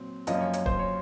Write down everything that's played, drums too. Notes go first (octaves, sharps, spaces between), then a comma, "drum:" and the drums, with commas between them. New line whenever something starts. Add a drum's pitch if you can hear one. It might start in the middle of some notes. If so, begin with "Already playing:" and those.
Already playing: A#2 F#3 C4
F#2 F3 A#3 C#4 D#5, drum: hi-hat
C#5
C#5, drum: hi-hat
C5, drum: kick D#1
C#5